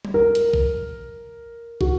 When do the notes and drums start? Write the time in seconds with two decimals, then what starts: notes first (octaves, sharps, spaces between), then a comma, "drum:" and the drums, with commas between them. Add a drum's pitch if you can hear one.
0.05 drum: tom G3
0.14 A#4
0.35 drum: hi-hat
0.53 drum: kick
1.81 F#4, drum: kick